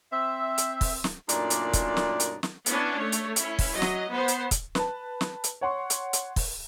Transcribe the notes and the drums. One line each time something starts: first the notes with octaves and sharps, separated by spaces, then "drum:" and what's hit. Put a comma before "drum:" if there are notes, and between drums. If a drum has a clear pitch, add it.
C4 E5
drum: hi-hat
drum: kick, open hi-hat
drum: snare
F#2 A#2 A3 D4 D#4 D5, drum: hi-hat
drum: hi-hat
drum: kick, hi-hat
drum: snare
drum: hi-hat
drum: snare
B3 C#4 D4 E4, drum: hi-hat
A3 C#5
drum: hi-hat
C#4 E4, drum: hi-hat
drum: kick, open hi-hat
F#3 D#5
drum: snare
B3 C5
drum: hi-hat
drum: kick, hi-hat
B4 A5, drum: snare
drum: snare
drum: hi-hat
C#5 F#5 C6 C#6
drum: hi-hat
drum: hi-hat
drum: kick, open hi-hat